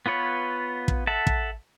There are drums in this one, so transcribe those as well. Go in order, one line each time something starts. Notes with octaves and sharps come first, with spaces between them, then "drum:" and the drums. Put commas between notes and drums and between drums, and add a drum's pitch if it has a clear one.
B3 F4 B4 C#5
drum: kick
A4 E5 F#5 A5
drum: kick